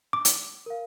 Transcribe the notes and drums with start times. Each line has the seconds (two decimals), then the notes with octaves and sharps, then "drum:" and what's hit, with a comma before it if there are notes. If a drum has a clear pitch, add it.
0.13 D6
0.25 drum: hi-hat
0.66 A#4 F5